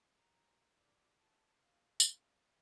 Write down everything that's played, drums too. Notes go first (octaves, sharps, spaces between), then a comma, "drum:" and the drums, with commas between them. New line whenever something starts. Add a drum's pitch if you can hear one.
A#5
D5
A5
F5
F5, drum: tambourine